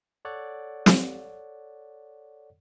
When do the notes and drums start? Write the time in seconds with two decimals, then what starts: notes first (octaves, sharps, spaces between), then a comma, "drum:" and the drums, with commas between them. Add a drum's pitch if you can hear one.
0.25 A4 C#5 D5 F#5
0.86 drum: snare